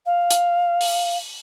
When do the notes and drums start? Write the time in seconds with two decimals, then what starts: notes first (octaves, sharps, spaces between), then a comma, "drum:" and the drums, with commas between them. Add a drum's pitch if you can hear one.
0.05 F5
0.31 drum: hi-hat
0.81 drum: open hi-hat